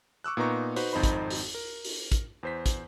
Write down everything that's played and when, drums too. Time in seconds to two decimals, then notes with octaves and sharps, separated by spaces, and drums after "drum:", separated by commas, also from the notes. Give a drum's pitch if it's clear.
0.24 C#6 D6 E6 F#6
0.37 A#2 B3 D#4 B4 A#5 C#6
0.76 D#4 F#4 B4 C5, drum: open hi-hat
0.93 G#1 F2 D#4 C5 B5
1.03 drum: kick, hi-hat
1.30 drum: open hi-hat
1.54 A#4
1.85 drum: open hi-hat
2.12 drum: kick, hi-hat
2.43 E2 C5 B6
2.66 drum: kick, hi-hat